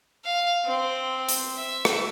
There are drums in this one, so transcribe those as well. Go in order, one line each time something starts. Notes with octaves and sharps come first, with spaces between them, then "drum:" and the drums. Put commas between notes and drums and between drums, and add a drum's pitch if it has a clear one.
F5
C4
drum: hi-hat
E5
drum: rim click